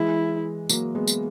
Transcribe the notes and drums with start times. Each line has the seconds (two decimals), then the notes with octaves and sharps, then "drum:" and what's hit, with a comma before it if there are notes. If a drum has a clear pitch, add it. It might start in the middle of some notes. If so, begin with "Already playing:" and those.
Already playing: E3 G#3 E4
0.69 F#3 A#3, drum: tambourine
0.95 G#3 B3
1.08 drum: tambourine